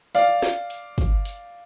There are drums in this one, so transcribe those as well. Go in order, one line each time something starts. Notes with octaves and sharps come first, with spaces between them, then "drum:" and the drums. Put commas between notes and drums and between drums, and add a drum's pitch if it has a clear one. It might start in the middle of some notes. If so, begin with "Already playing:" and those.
D5 F5, drum: hi-hat
drum: snare
drum: hi-hat
drum: kick, hi-hat
drum: hi-hat